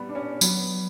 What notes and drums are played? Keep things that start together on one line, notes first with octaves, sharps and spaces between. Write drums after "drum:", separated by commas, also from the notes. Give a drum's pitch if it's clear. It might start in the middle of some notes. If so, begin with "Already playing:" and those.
Already playing: G3 B3
D4
C#4
F#3 B3, drum: tambourine